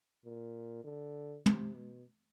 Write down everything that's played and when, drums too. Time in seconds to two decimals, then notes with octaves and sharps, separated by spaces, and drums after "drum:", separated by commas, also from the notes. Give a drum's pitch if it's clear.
0.25 A#2
0.84 D3
1.46 C3, drum: tom
1.76 B2